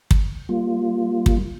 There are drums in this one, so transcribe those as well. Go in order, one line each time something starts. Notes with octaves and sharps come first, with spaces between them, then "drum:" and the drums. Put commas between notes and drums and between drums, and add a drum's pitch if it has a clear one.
drum: kick
G3 A#3 F4
drum: kick